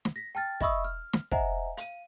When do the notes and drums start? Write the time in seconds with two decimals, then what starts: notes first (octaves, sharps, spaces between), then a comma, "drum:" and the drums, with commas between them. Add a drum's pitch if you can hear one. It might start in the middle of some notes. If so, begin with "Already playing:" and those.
0.05 drum: snare
0.16 A#6 B6
0.35 G5 A5 F6 A6
0.61 D#5 E5 B5 C#6 D#6 E6, drum: kick
0.84 F6
1.13 drum: snare
1.31 C5 D#5 E5 F#5 G#5 A#5, drum: kick
1.77 F5 D#7, drum: hi-hat